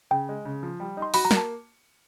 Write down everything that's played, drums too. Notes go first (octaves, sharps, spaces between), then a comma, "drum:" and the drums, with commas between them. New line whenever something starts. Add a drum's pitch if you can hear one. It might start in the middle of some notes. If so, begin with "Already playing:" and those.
C#3 G5
G#3
C#3
F3
G3
D#4
C6
F#4 B5, drum: open hi-hat
A#5
A#3, drum: snare
A5